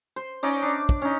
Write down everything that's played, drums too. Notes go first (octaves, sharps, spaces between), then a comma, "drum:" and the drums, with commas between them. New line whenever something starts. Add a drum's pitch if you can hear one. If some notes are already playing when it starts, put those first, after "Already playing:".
C5
C#4 D#4 D5
D4
drum: kick
C#4 D#4